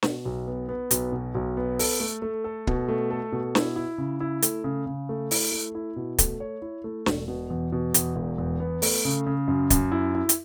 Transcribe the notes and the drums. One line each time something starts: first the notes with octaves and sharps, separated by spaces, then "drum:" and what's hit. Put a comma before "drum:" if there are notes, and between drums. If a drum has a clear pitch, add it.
B2, drum: snare
B1
B3
B3
B1, drum: hi-hat
B2
B1
B3
A4, drum: open hi-hat
A3
A3
A4
B2, drum: kick
A3
A4
B2
E4, drum: snare
E4
C#3
E4
A3, drum: hi-hat
C#3
C#3
A3
E4, drum: open hi-hat
A3
E4
B2
A3, drum: kick, hi-hat
C#5
E4
A3
E1, drum: snare
B2
E2
B2
E2, drum: hi-hat
E1
E2
B3
A3, drum: open hi-hat
C#3
C#3
F#2
F#2, drum: kick, hi-hat
E4
E4
drum: hi-hat